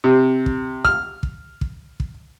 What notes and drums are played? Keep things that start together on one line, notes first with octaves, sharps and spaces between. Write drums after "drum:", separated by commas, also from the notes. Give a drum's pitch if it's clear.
C3
drum: kick
F6, drum: kick
drum: kick
drum: kick
drum: kick